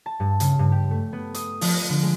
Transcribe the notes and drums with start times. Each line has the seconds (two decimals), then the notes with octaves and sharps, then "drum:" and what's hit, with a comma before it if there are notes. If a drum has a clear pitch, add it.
0.06 A5
0.20 G2
0.40 C#3, drum: hi-hat
0.59 G2
0.72 G4
0.91 A3
1.13 B3
1.34 D#6, drum: hi-hat
1.61 F3, drum: open hi-hat
1.74 A#6
1.89 D3
2.03 G#3